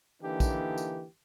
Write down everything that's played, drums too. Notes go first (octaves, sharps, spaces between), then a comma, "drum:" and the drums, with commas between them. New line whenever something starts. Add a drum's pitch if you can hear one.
D3 E3 A#3 D4 D#4 G4
drum: kick, tambourine
drum: tambourine